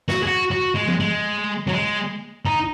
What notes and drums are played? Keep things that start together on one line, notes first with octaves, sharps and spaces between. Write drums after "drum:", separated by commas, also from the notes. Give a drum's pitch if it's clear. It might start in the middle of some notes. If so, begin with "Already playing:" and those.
F#4, drum: snare
G#4
F#4
F#4
G#3
drum: tom F3
G#3
F#3
G#3
D#4